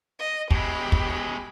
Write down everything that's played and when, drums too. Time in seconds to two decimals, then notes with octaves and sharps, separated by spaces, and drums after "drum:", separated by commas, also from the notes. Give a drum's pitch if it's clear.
0.19 D#5
0.51 B2 G#3 G4 B5, drum: kick
0.92 drum: kick